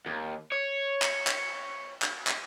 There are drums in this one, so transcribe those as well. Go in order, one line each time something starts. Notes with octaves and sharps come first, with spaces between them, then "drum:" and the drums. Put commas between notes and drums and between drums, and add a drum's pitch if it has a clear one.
D#2
C#5
drum: clap
drum: clap
drum: clap
drum: clap